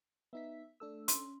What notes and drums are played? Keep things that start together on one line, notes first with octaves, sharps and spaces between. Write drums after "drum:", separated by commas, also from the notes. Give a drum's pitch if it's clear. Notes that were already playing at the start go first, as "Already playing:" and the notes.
B3 D#4 E5 B6
A3 D4 A4 E6
C#4 C6, drum: hi-hat